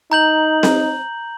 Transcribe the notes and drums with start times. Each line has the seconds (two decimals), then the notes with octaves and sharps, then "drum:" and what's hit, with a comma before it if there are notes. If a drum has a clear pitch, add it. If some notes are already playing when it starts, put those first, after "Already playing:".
0.12 D#4 A#5 G6 F#7
0.63 drum: snare C4